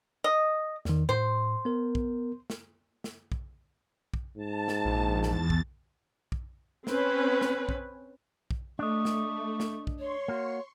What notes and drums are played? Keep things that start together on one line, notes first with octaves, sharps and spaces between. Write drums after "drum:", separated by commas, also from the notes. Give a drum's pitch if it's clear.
D#5
E2 D#3, drum: snare
A2 C5
B3 A#4
drum: kick
drum: snare
drum: snare
drum: kick
drum: kick
G#2 A5
drum: snare
A#1
E2 A6, drum: snare
drum: kick
drum: kick
C4 C#4 B4, drum: snare
drum: snare
drum: kick
drum: kick
A3 D4 D#5 C#6
drum: snare
drum: snare
drum: kick
C#5 C6 C#6
A#3 F#4